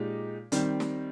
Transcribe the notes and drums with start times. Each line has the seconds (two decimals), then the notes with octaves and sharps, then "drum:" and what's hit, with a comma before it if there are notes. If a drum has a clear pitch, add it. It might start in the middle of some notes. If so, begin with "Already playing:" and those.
Already playing: A#2 G#3 D#4 G4
0.52 D#3 G3 C4, drum: hi-hat
0.80 drum: snare